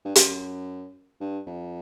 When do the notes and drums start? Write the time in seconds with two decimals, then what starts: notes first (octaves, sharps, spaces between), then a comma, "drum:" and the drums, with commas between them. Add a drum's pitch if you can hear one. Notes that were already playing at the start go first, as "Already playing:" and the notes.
0.05 G2
0.16 F#2, drum: hi-hat
1.20 G2
1.46 F2